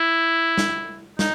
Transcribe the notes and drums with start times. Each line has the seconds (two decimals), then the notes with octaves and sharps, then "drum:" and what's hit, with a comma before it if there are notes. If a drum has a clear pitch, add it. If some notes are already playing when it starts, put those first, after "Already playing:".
Already playing: E4
0.58 drum: snare
1.19 D#4, drum: snare